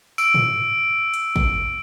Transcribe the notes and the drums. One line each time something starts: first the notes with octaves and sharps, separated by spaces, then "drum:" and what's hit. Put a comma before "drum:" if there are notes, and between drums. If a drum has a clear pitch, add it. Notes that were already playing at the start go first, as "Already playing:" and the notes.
E6 D7, drum: tambourine
drum: tom
drum: hi-hat
drum: kick